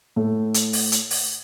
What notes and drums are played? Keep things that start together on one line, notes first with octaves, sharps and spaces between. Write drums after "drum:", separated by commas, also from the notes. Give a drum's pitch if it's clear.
A2 A3
drum: hi-hat
drum: open hi-hat
drum: hi-hat
drum: open hi-hat